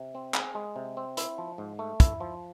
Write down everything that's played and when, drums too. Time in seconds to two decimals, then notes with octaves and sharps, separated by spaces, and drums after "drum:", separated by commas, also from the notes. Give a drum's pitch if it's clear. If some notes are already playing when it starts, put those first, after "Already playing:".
Already playing: C3
0.15 C4
0.34 G#4, drum: clap
0.55 G#3
0.76 C3
0.97 C4
1.17 E4, drum: hi-hat
1.38 F3
1.58 G#2
1.79 A3
2.00 E4, drum: kick, hi-hat
2.20 F3